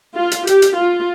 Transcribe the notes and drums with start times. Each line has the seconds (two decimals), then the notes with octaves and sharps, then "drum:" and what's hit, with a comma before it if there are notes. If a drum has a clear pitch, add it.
0.16 F4
0.31 drum: hi-hat
0.47 G4, drum: hi-hat
0.62 drum: hi-hat
0.77 F4